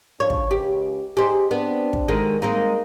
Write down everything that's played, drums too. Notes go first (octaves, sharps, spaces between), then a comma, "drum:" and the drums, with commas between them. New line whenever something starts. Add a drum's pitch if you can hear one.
C#3 F3 D4 C#5
drum: kick
C#2 C#3 G4
D#4 G4 G#4 C5
B3 C4 D4
drum: kick
D3 D#3 G#3
G#3 A#3 C4 D#4